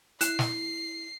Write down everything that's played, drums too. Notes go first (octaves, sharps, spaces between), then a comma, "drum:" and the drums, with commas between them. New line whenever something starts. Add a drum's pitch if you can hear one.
E4 F#6 C7 E7, drum: hi-hat
drum: snare